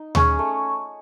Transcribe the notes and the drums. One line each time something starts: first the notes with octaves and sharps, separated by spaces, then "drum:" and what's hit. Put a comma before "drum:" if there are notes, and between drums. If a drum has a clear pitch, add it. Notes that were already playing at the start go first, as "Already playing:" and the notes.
Already playing: D#4
C#4 G#4 C#5, drum: tom D2
A3